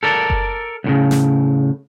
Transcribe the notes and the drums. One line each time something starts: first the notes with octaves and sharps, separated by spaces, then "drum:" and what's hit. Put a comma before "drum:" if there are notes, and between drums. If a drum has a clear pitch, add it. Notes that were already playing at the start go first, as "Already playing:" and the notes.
A4 A#4 D5
drum: kick F#1
C#2 A2 C#3
drum: snare